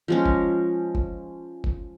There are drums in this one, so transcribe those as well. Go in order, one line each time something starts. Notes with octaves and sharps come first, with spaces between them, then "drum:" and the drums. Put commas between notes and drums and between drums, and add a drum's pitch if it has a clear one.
F3 G#3 C#4
drum: kick F#1
drum: kick F#1
drum: kick F#1